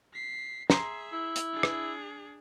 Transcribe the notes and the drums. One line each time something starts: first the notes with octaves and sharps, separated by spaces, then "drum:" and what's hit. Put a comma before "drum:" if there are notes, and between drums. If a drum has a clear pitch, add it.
B6 C7
G#4 E5 A#5 C6 C7, drum: snare
E4
drum: hi-hat
D4 G#4
drum: rim click